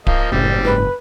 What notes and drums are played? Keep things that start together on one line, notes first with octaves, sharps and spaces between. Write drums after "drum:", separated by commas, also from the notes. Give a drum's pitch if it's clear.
F3 A#3 D#5, drum: kick D1
F#1 A2 G3 C4
G#2 B4